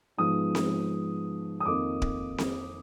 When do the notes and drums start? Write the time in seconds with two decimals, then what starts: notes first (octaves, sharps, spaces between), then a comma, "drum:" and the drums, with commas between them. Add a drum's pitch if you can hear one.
0.17 G#2 F3 G#3 B3 D#6
0.55 drum: snare C4
1.60 D#6
1.66 F2 D#3 A#3 D#4 D6
2.02 drum: kick D1
2.38 drum: snare C4